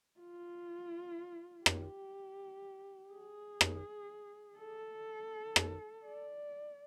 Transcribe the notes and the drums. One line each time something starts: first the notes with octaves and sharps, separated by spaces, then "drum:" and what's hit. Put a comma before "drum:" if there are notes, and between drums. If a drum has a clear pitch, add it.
F4
G4, drum: rim click
G#4
drum: rim click
A4
drum: rim click
D5